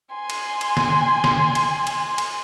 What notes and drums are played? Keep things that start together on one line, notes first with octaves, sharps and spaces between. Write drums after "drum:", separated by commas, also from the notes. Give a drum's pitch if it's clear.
G#5 C6
drum: cymbal
drum: cymbal
drum: snare
drum: snare
drum: cymbal
drum: cymbal
drum: cymbal